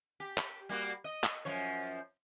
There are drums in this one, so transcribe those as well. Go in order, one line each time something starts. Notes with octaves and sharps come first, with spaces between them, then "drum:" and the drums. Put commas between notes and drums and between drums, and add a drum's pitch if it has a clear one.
G4
drum: clap
G3 A#3 F#4
D#5
drum: clap
F#2 F3 C#5